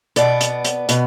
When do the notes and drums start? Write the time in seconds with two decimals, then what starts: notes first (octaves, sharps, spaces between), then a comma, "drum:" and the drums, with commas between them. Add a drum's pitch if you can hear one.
0.16 B2 B3 D5, drum: hi-hat
0.41 drum: hi-hat
0.65 drum: hi-hat
0.89 B2 B3, drum: hi-hat